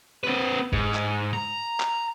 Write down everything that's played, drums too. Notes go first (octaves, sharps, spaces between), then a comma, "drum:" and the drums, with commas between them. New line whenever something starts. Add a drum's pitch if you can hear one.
C4 B4
G#2, drum: kick F1
drum: clap
A#5
drum: clap